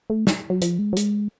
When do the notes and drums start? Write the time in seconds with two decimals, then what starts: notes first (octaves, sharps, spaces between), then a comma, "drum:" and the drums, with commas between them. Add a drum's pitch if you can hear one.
0.10 A3
0.27 drum: snare
0.50 F#3
0.62 F3, drum: hi-hat
0.79 G#3
0.93 F#3
0.97 G#3, drum: hi-hat